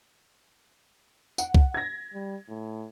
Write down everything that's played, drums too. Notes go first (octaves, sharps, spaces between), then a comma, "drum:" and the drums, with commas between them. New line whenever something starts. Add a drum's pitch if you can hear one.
F#5, drum: tambourine
drum: kick
G#6 A#6
G3
A2